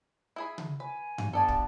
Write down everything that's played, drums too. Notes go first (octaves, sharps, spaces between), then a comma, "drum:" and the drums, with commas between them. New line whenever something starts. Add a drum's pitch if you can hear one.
E4 G#4 B5
drum: tom C#3
B4 G#5
drum: tom G2
G2 B3 D4 A4 D5 G#5 A5
drum: kick